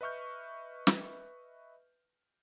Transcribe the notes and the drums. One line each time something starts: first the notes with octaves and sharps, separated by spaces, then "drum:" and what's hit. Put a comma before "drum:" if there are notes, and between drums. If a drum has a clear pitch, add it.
B4 D#5 E5 C#6 F6 G6
drum: snare